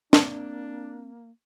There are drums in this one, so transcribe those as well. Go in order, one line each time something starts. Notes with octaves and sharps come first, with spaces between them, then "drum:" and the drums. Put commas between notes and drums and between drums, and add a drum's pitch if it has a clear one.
A#3 C4 D4, drum: snare